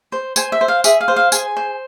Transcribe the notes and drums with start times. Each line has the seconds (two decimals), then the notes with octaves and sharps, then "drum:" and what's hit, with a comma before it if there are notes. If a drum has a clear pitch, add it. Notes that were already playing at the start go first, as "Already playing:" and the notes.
0.12 C5
0.36 C5 G#5, drum: tambourine
0.52 E5
0.61 C5
0.68 F5
0.84 G#4 E5, drum: tambourine
1.01 F5
1.08 C5
1.16 F5
1.32 G#4 G#5, drum: tambourine
1.57 C5